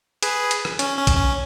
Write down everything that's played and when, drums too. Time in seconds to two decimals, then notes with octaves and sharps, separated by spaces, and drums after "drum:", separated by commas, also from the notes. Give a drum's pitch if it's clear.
0.23 G#4 B4, drum: hi-hat
0.51 drum: hi-hat
0.65 drum: rim click
0.79 C#4, drum: hi-hat
0.98 C#4
1.07 drum: kick, hi-hat
1.16 C#4